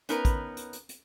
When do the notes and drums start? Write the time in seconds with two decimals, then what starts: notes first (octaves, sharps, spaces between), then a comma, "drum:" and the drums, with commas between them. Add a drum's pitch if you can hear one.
0.09 B3 C#4 D#4 A#4 B4, drum: hi-hat
0.25 drum: kick, hi-hat
0.57 drum: hi-hat
0.73 drum: hi-hat
0.89 drum: hi-hat